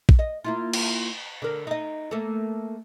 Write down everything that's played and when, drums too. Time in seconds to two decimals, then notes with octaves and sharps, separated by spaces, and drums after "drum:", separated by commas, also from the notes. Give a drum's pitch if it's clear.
0.09 drum: kick
0.19 D#5
0.44 A#3 E4 F4
0.73 drum: cymbal
1.42 D3 A#4
1.67 D#4 D#5
2.11 A3 A#3 A4